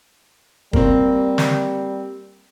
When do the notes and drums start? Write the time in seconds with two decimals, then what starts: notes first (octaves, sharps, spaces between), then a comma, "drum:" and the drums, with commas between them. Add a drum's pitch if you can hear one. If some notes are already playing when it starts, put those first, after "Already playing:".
0.73 G3 A#3 C4, drum: kick
1.38 drum: snare